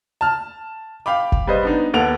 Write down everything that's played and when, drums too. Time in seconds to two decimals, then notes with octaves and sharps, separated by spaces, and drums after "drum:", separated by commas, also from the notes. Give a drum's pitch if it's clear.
0.21 A5 F6
1.06 F5 G5 B5 D6
1.32 drum: kick F#1
1.47 G3 B4 C5 D#5
1.63 B3 D4 D#4
1.94 D#2 B3 A4 F#5 D7 F7